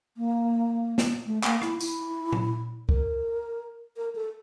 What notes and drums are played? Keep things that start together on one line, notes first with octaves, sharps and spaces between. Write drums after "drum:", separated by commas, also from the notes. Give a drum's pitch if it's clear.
A#3
drum: snare
A3
A#3, drum: clap
E4, drum: rim click
E4, drum: tambourine
drum: tom A#2
A#4, drum: kick
A#4
A4